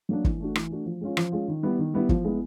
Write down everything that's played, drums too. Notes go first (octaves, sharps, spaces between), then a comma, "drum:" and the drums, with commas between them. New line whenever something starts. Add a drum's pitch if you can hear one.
F#3 A#3 D4
E3, drum: kick
A3 D4 F#4
E3, drum: rim click
A3 D4 F#4
F3
G#3 C#4 F4
F3, drum: rim click
G#3 C#4 F4
D#3
G3 B3 E4
D#3
G3 B3 E4
F3, drum: kick
G#3 B3 E4